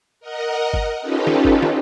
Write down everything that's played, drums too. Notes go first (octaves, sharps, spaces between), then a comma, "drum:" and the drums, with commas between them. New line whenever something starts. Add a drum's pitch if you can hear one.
A#4 D#5 F#5
drum: kick G1
C#4 D#4 F4 G4 A4 B4
drum: snare
drum: kick G1
drum: snare